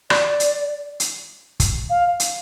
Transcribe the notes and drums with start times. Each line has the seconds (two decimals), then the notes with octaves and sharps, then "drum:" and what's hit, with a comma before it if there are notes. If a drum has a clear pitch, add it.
0.10 D5, drum: rim click
0.40 drum: hi-hat
1.00 drum: hi-hat
1.60 drum: kick, hi-hat
1.90 F5
2.20 drum: hi-hat